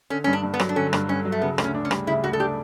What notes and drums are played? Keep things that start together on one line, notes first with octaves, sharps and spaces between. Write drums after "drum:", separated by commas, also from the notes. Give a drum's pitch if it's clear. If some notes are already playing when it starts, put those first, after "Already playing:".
D3 C#4
G2 C#4
D4
G2
B3
F#3, drum: rim click
D4
D3 C#4
G2, drum: rim click
G2 C#4
F#3
A3
C#3 B3
D2, drum: rim click
C#4
D4
C#4
G3, drum: rim click
C#3 E4
D2 F#4
A4
D4 G4